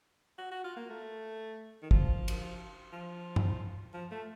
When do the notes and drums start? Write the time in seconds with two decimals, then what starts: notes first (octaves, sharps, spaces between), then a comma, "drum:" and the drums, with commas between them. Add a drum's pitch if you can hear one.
0.38 F#4
0.51 F#4
0.64 F4
0.76 A#3
0.89 A3
1.83 D#3
1.91 F3, drum: kick
2.28 drum: cymbal
2.93 F3
3.36 drum: tom
3.94 F3
4.11 A3